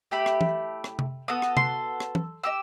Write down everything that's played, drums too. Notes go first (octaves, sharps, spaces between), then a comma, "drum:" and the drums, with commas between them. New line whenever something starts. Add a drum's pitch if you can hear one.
A3 E4 G4 B5
drum: rim click
drum: tom
drum: rim click
drum: tom C3
B3 F#4 A4 D#6
drum: rim click
C6, drum: tom C3
drum: rim click
drum: tom
D#4 G4 E6